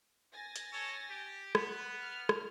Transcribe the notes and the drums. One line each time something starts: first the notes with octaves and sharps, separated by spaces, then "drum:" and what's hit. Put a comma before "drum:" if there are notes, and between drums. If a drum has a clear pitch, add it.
G#5 A6 A#6
drum: hi-hat
A4 C#5
G4
B3, drum: rim click
F6
drum: rim click